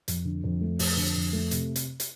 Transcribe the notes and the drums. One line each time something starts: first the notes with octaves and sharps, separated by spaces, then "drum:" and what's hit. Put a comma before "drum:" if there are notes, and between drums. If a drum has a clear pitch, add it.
F2, drum: hi-hat
D3
F2
A3
F2, drum: open hi-hat
D3
F2
A3
C3, drum: hi-hat
drum: hi-hat
drum: hi-hat